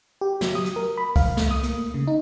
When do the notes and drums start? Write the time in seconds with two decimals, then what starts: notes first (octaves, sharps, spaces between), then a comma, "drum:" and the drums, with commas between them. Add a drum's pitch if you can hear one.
0.21 G4
0.41 F#3, drum: snare
0.55 D#6
0.66 drum: hi-hat
0.76 A#4
0.97 B5
1.16 F5, drum: kick C2, open hi-hat
1.37 A3, drum: snare
1.51 D#6
1.63 A#3, drum: hi-hat
1.94 C#3
2.08 D#4